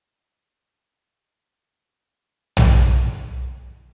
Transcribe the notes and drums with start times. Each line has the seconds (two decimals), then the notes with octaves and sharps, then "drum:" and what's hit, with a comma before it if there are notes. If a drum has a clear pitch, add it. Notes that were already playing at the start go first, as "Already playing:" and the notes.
0.05 D5 D#5 F#5 G5 A#5
2.57 drum: tom
3.04 C4 C6